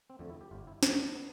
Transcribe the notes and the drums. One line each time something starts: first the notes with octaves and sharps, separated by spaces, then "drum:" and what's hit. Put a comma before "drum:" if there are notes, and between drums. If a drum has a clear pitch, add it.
C4
F2 D3 A3
E4
G4
G1 F4
E4
F2 D3 A3 D4, drum: snare
D4
B3